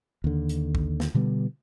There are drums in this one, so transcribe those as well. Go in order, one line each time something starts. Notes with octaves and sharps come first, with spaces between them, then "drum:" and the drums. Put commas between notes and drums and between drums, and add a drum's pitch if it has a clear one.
D#2 D3
drum: hi-hat
drum: kick
drum: snare
B2 D3 G3 B3